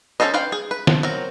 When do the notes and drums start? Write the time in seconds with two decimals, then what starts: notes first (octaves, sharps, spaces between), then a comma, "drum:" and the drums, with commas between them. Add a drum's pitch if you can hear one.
0.20 C#4 F4 A4 C5 D#5
0.34 B4 C5 F5 G5
0.52 G#4
0.71 B4
0.87 F3, drum: snare
1.03 F#3 C4 A#4